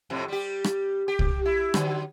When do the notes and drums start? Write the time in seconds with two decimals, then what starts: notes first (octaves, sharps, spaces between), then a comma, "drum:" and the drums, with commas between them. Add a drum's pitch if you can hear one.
0.10 F2 A2 C3
0.28 G3 G4
0.64 drum: rim click
1.08 G4
1.19 drum: kick C2
1.45 E4
1.74 D3 F#3, drum: rim click